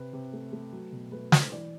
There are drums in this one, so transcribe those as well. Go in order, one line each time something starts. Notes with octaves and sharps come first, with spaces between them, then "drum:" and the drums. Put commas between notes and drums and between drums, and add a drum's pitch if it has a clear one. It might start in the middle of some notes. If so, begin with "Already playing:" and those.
Already playing: C3 B4
C3
A3
A3
F#3
B2
A3 B4
D4 C5, drum: snare
E3 D5